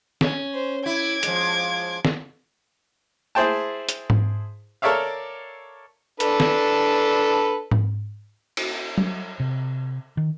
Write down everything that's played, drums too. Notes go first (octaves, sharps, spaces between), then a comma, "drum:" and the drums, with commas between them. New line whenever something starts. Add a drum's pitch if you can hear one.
C#4, drum: snare
C5
E4 D6 G#6
F3 G#3, drum: hi-hat
drum: snare
E4 G#4 C5 G5 A5
drum: hi-hat
drum: tom G#2
A4 A#4 C#5 D5 E5 F5
D4 A4 B4, drum: hi-hat
drum: snare
drum: tom G#2
drum: cymbal
drum: tom F#3
C3
D#3